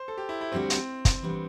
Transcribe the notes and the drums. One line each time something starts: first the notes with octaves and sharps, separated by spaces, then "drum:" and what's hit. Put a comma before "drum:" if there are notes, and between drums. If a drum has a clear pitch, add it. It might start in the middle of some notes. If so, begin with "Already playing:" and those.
Already playing: C5
A4
G4
E4
E4
D2 D3 G3 C4 D4 F#4
C4, drum: hi-hat
drum: kick, hi-hat
E3 G3 B3 D4